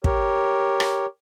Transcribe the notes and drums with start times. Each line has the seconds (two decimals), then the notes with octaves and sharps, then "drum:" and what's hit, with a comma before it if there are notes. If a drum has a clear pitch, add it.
0.04 G4 A#4 C#5, drum: kick
0.80 drum: rim click